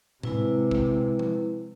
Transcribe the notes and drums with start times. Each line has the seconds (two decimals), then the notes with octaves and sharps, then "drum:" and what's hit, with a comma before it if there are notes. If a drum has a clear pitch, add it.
0.23 C3 G#3 E4 B4, drum: tom A2
0.71 drum: kick
1.19 drum: tom F3